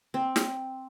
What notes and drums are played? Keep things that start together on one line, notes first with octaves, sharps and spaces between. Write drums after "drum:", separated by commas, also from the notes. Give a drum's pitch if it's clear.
C4
drum: snare